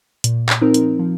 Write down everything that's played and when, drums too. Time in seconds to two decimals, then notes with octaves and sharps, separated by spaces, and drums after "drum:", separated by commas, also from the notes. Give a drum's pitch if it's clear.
0.24 A#2, drum: hi-hat
0.49 drum: clap
0.61 F3 C4 D#4 A#4
0.74 drum: hi-hat
0.99 F3